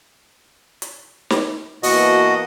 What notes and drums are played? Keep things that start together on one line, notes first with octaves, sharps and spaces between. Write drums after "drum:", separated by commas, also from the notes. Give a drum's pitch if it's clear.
drum: hi-hat
drum: snare
B2 E3 A#3 F#4 D#5, drum: open hi-hat